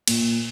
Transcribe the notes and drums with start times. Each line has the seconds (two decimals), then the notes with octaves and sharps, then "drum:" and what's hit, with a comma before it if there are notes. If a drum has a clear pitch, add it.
0.08 A#2, drum: cymbal